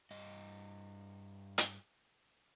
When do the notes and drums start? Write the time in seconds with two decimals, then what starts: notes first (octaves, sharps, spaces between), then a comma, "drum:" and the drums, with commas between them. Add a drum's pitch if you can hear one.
0.11 G2 D#5
1.58 drum: hi-hat